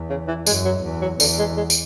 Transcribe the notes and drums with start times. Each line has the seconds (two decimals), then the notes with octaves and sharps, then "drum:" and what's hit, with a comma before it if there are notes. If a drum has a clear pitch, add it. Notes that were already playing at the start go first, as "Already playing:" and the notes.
Already playing: E2
0.10 C#3
0.28 E3
0.46 F#2 G#3, drum: tambourine
0.65 F#3
0.84 E2
1.02 F#3
1.20 E2 D3, drum: tambourine
1.39 G#3
1.57 G#3
1.70 drum: tambourine